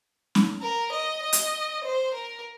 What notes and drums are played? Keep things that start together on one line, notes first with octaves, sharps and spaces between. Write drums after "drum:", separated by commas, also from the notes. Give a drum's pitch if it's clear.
drum: snare C#4
A#4
D#5
D#5
drum: hi-hat
C5
A#4